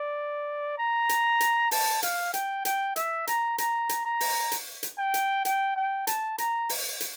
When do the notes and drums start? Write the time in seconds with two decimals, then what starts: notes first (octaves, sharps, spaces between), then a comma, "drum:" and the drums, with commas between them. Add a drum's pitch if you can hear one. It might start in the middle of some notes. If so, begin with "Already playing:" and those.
Already playing: D5
0.78 A#5
1.09 drum: hi-hat
1.40 drum: hi-hat
1.71 A5, drum: open hi-hat
2.03 F5, drum: hi-hat
2.34 G5, drum: hi-hat
2.65 G5, drum: hi-hat
2.96 E5, drum: hi-hat
3.27 A#5, drum: hi-hat
3.58 A#5, drum: hi-hat
3.89 drum: hi-hat
4.05 A#5
4.20 drum: open hi-hat
4.52 drum: hi-hat
4.83 drum: hi-hat
4.98 G5
5.14 drum: hi-hat
5.45 G5, drum: hi-hat
5.76 G5
6.07 A5, drum: hi-hat
6.38 A#5, drum: hi-hat
6.69 drum: open hi-hat
7.00 drum: hi-hat